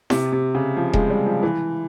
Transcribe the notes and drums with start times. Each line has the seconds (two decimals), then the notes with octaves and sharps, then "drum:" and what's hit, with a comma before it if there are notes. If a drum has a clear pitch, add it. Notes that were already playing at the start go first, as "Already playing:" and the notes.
0.10 C3, drum: snare E4
0.32 C3
0.55 C#3
0.77 F3
0.94 G#3, drum: kick E1
1.10 G3
1.26 F3
1.43 E3